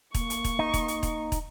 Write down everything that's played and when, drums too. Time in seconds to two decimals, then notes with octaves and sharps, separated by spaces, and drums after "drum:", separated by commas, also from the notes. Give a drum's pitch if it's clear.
0.14 A#3 C#6, drum: kick, hi-hat
0.30 drum: hi-hat
0.44 drum: kick, hi-hat
0.59 D#4
0.74 drum: kick, hi-hat
0.88 drum: hi-hat
1.03 drum: kick, hi-hat
1.32 drum: kick, hi-hat